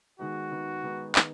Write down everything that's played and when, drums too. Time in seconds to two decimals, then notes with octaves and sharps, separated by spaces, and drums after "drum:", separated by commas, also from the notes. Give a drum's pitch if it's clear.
0.19 D#3 G#3 B3 D#4 F#4
0.51 D#3 G#3 B3 D#4
0.83 D#3 G#3 B3 D#4
1.15 D#3 G#3 B3 D#4, drum: clap